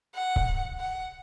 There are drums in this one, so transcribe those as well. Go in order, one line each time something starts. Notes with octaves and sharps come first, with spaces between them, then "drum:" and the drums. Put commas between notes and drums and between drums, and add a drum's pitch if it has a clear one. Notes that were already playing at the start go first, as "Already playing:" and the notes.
F#5
drum: kick C#1
F#5